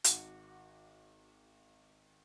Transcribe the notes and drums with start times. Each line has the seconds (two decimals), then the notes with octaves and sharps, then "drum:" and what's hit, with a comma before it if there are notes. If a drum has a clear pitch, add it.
0.04 G#1 F#4 D6, drum: hi-hat